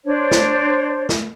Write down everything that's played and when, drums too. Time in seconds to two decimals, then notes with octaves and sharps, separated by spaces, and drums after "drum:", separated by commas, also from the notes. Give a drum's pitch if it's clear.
0.05 D4 C5 C#5
0.31 drum: snare
1.09 drum: snare